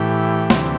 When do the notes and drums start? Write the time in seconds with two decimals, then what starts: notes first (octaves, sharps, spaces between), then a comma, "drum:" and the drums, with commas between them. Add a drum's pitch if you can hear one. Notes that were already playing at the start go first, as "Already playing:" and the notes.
Already playing: A2 E3 G4
0.50 D2 C3 E3, drum: snare